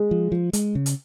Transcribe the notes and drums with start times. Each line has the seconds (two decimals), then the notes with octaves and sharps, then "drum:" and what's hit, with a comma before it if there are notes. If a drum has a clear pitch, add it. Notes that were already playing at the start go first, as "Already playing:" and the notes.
Already playing: G#3
0.11 F3
0.32 F3
0.53 G#3, drum: hi-hat
0.75 C#3
0.86 drum: hi-hat